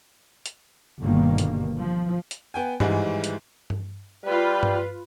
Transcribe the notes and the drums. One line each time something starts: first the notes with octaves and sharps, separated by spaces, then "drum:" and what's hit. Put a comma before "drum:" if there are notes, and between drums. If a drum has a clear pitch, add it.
drum: hi-hat
G1 G2 B2 D#3 A#3
drum: hi-hat
F3
drum: hi-hat
B3 G5 G#5
G#1 G#2 E3 G3 G#3, drum: tom G2
drum: hi-hat
drum: tom G2
G3 F4 B4
drum: tom G2